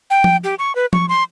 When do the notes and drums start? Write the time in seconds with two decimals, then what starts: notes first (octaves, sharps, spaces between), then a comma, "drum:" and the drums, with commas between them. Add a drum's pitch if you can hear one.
0.10 G5
0.24 drum: tom F3
0.44 G4
0.59 C#6
0.75 B4
0.93 C#6, drum: tom F3
1.09 C6